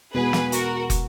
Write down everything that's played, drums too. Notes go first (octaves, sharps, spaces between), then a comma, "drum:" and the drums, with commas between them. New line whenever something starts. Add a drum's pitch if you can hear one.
E2 B2 G#3 B3 G#4 B4
drum: snare
F#4 A#4, drum: hi-hat
drum: kick, hi-hat